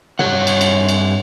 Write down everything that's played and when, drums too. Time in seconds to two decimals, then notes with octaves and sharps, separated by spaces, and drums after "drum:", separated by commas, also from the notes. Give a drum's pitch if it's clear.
0.19 G2 G#3 C#5 F#5, drum: tom C3
0.47 drum: cymbal
0.61 drum: cymbal
0.89 drum: cymbal